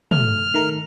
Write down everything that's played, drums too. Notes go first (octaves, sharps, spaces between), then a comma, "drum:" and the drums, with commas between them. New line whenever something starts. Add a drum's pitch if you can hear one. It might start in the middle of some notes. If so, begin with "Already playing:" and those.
A3 F6, drum: tom
D#3 A3 A#4